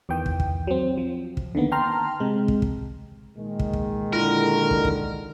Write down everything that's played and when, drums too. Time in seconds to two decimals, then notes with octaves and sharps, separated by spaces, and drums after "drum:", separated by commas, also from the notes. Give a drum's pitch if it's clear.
0.09 E2 D#3 E3 G5
0.26 drum: kick
0.40 drum: kick
0.67 F#3 C4
0.97 F3
1.37 drum: kick
1.55 D3 D#3 A#3 B3
1.72 G5 A5 A#5 C6 F6
2.20 C3 G#3
2.48 drum: kick
2.62 drum: kick
3.37 A#2 D#3 G#3
3.59 drum: kick
3.73 drum: kick
4.13 D3 E4 F4 A#4
4.71 drum: kick
4.85 drum: kick